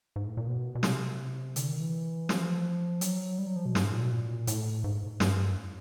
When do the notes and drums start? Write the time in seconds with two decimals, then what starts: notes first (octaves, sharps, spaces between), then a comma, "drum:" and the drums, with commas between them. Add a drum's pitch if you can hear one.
0.16 G#2
0.26 A2
0.37 A#2
0.47 B2
0.75 B2
0.83 C3, drum: snare
1.56 D3, drum: hi-hat
1.68 D#3
1.80 E3
2.29 F3, drum: snare
3.01 F#3, drum: hi-hat
3.38 G3
3.47 F#3
3.56 F3
3.66 B2
3.75 G2, drum: snare
3.83 G#2
3.93 A#2
4.02 B2
4.11 A#2
4.47 A2, drum: hi-hat
4.84 G#2
5.20 G2, drum: snare
5.52 F#2